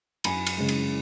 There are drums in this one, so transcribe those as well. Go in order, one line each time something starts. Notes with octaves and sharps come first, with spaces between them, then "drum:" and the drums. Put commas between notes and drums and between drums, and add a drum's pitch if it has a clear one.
F#2 G#5 B5, drum: cymbal
drum: cymbal
C#3 G#3
drum: cymbal